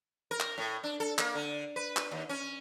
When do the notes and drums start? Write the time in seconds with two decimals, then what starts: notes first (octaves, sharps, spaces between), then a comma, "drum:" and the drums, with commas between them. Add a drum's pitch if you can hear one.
0.31 A#4
0.40 drum: clap
0.58 A2
0.83 D4
1.00 A4
1.18 A#3, drum: clap
1.35 D3
1.76 B4
1.97 drum: clap
2.11 D#2
2.29 C#4